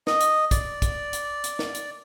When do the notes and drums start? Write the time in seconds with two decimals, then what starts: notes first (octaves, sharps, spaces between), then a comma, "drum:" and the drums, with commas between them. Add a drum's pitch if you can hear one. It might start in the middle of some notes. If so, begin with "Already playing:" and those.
0.07 D#5, drum: snare
0.20 drum: hi-hat
0.51 D5, drum: kick, hi-hat
0.82 drum: kick, hi-hat
1.13 drum: hi-hat
1.44 drum: hi-hat
1.59 drum: snare
1.75 drum: hi-hat